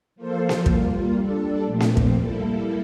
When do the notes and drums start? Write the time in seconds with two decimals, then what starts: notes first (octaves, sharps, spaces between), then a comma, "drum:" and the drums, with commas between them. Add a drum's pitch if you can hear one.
0.16 F3 A#3 F4 A4 C5
0.49 drum: snare A#3
0.66 G3 A#3 F4, drum: kick
1.15 G3 D4 A4
1.64 A#2 F3 A3 C4
1.80 drum: snare A#3
1.97 drum: kick
2.13 G3 A#3 E4 A4